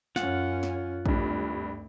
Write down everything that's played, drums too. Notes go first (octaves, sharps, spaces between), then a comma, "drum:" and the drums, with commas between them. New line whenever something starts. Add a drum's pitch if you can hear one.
F#2 C#4 F4 F#5, drum: snare
drum: snare
G#1 D2 G2, drum: kick A#1